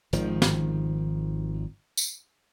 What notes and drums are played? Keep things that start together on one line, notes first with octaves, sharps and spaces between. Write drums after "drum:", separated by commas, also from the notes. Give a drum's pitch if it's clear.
G#1 D#3 F3, drum: hi-hat
drum: snare
drum: tambourine